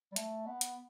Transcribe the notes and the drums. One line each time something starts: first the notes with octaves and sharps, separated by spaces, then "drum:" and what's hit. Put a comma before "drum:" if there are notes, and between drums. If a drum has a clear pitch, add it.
G3
A3, drum: hi-hat
B3
drum: hi-hat